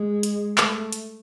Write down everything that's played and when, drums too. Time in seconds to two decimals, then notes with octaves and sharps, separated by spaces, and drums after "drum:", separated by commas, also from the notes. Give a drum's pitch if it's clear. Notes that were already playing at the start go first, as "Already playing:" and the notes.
Already playing: G#3
0.23 drum: hi-hat
0.58 A3, drum: clap
0.93 drum: hi-hat